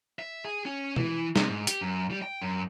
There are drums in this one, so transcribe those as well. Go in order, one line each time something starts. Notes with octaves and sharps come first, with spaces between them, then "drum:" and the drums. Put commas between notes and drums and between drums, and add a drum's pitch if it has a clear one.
E5
G#4
C#4
E3, drum: tom B2
C3, drum: snare
G#2
G4, drum: hi-hat
F#2
G3
G5
F#2